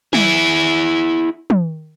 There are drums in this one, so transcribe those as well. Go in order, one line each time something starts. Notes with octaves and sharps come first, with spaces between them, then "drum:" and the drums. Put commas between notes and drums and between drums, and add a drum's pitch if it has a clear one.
E4 G#4, drum: tom
drum: tom